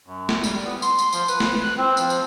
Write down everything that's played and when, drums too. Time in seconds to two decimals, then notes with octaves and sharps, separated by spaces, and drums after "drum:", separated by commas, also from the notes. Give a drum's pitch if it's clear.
0.06 F#2
0.29 drum: snare
0.44 G3, drum: tambourine
0.64 B3
0.82 C6, drum: tambourine
0.99 drum: tambourine
1.13 F3, drum: tambourine
1.28 B4, drum: tambourine
1.40 drum: snare
1.63 F#6
1.78 C4
1.97 F3, drum: tambourine
2.10 drum: tambourine